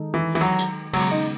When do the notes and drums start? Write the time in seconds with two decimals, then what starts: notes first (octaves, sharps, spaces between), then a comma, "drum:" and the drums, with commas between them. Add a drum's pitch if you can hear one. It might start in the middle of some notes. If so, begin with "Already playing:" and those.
Already playing: D#3 G#3 D#4 A4
0.14 E3
0.35 E3, drum: cymbal
0.41 F#3
0.59 drum: hi-hat
0.93 C#3 F#3 G#3 B3, drum: cymbal
1.11 D#4